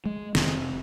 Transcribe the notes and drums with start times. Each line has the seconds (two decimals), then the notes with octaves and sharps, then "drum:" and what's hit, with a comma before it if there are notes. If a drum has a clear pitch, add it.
0.06 G#3
0.35 F1 C3, drum: snare